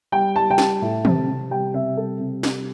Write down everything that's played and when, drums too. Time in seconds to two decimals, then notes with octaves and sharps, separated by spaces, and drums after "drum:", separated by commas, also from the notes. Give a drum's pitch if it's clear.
0.12 G3 G5
0.36 G3 A5
0.50 G5
0.58 G3 A5, drum: snare
0.82 A2
1.05 C3, drum: tom
1.28 C3
1.51 G3 G5
1.74 C3 E5
1.97 G3 A4
2.20 C3
2.43 G3, drum: snare